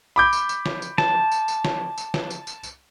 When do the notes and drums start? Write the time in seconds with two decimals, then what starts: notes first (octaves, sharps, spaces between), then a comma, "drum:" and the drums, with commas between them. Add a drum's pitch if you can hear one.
0.16 B5 D6 G6
0.33 drum: tambourine
0.49 drum: tambourine
0.66 drum: snare
0.82 drum: tambourine
0.98 A5, drum: snare
1.32 drum: tambourine
1.48 drum: tambourine
1.65 drum: snare
1.98 drum: tambourine
2.14 drum: snare
2.30 drum: tambourine
2.47 drum: tambourine
2.63 drum: tambourine